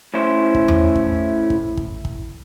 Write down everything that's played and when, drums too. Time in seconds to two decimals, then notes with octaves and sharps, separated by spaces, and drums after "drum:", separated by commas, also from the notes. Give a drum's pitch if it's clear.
0.14 A2 C#4 E4 C5
0.55 drum: kick
0.68 drum: tom E2
0.96 drum: kick
1.50 drum: kick
1.77 drum: kick
2.05 drum: kick